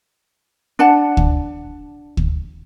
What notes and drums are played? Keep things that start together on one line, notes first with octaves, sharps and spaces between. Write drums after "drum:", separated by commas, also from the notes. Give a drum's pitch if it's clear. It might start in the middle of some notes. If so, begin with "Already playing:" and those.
D4 F#5 A5
drum: kick
drum: kick